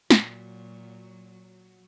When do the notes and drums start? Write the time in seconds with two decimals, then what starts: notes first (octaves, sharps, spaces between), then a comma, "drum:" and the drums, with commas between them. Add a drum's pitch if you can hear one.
0.11 A#2 F#3, drum: snare